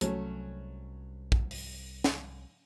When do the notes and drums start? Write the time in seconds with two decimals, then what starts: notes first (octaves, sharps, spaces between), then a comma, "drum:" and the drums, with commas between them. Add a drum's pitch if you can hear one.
0.01 C2 F#3 A3 C#4, drum: hi-hat
1.32 drum: kick
1.51 drum: open hi-hat
2.04 drum: snare